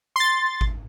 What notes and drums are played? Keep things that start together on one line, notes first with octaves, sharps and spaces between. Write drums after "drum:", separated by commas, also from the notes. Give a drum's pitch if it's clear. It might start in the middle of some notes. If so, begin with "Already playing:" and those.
C6 A6
drum: kick G#1